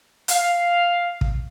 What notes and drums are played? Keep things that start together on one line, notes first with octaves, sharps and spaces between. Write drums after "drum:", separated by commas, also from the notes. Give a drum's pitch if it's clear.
F5, drum: hi-hat
drum: kick